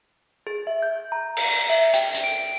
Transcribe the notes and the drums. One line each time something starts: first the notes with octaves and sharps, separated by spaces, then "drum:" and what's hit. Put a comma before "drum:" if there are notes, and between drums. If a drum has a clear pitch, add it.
G#4
E5
G6
A#5
drum: cymbal
E5
G5, drum: hi-hat
drum: hi-hat
D7